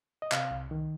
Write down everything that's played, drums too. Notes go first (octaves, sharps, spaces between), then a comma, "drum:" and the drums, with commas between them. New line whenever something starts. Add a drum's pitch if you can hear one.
D#5
C3 F5, drum: clap
C2
D#3